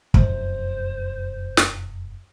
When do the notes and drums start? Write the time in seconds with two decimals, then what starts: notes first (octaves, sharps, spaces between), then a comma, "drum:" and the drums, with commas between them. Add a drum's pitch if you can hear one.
0.14 F1 F#2 C5, drum: kick
1.57 drum: snare